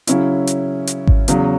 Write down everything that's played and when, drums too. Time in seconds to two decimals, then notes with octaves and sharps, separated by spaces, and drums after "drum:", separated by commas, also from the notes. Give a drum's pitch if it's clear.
0.07 C#3 F#3 C#4 E4, drum: hi-hat
0.47 drum: hi-hat
0.87 drum: hi-hat
1.07 drum: kick G#1
1.28 E2 C#3 F#3, drum: hi-hat